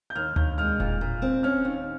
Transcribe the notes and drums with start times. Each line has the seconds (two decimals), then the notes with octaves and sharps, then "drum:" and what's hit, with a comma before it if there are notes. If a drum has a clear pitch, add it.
0.10 G6
0.15 D#2 F6
0.36 D#2 G6, drum: tom D2
0.58 G#3 F6
0.80 A#2, drum: kick E1
1.01 A#2
1.22 C4
1.43 C#4 F6
1.65 D#2